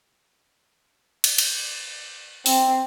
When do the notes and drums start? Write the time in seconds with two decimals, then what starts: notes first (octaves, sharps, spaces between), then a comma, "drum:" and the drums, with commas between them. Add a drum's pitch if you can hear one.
1.24 drum: cymbal
1.38 drum: cymbal
2.46 C4, drum: open hi-hat